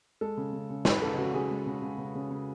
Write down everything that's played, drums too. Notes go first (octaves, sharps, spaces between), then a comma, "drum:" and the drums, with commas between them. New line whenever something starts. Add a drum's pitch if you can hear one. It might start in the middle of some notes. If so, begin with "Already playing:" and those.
G#3 A4
C#3
C#3
C#3
C#3 B4, drum: snare
C#3 A4
C#3 F#4
C#3 G#4
G#3
C#3
C#3
C#3
C#3
C#3